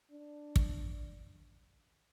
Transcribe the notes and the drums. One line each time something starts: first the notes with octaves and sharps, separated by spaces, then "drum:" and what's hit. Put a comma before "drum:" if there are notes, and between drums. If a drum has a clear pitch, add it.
D4
drum: kick